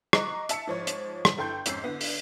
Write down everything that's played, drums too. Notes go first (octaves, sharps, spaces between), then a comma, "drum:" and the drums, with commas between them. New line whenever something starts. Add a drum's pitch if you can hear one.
D#5 A#5 C#6 D6 F#6, drum: rim click
E5 A5 E6 C#7, drum: hi-hat
G#2 F3 C#5
drum: hi-hat
drum: rim click
G1 A4 G5 C6 G6
F2 G#2 C#4 E6 G6 C7, drum: hi-hat
D3 B3
drum: open hi-hat